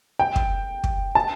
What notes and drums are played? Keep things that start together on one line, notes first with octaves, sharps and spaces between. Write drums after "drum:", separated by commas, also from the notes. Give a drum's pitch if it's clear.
G5
drum: kick
drum: kick
A5